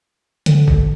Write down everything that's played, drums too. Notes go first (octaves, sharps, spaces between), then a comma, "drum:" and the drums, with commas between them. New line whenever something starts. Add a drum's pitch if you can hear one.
D3, drum: hi-hat
drum: kick G#1